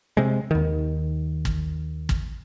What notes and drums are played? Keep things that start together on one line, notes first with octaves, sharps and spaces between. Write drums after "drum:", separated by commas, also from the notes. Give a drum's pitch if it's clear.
C3 G#3
D#2 D#3
drum: kick
drum: kick